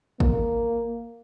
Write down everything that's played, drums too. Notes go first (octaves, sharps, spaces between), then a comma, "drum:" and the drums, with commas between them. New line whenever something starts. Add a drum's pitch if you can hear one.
A#3, drum: kick